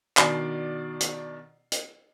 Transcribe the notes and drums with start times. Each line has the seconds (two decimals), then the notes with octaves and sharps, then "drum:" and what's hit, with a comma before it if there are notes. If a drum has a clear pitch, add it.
0.17 B2 D#3 D4 D5 C7, drum: clap
1.00 drum: hi-hat
1.72 drum: hi-hat